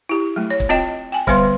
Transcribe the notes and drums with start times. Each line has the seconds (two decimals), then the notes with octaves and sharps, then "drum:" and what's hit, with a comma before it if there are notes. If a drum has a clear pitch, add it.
0.09 E4 G4
0.36 F#3 A3
0.50 C#5
0.60 drum: kick
0.69 C4 F4 D#5 G5
1.12 G5 G#5
1.27 D3 G3 B3 B4 F5 C6, drum: kick